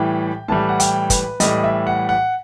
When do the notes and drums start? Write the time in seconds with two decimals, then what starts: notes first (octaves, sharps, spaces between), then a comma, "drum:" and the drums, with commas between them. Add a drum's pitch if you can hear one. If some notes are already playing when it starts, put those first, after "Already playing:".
Already playing: A2 E3 G3 G5
0.48 A2 E3 G3 A5
0.69 F#5
0.80 G5, drum: hi-hat
1.10 B4, drum: kick, hi-hat
1.40 A2 E3 G3 D#5, drum: hi-hat
1.64 E5
1.87 F#5
2.09 F#5